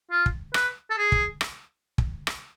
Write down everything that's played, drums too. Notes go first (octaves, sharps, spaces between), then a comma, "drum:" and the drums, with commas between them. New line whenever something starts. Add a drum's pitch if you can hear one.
F4
drum: kick
B4, drum: rim click
A4
G#4
drum: kick
drum: rim click
drum: kick
drum: rim click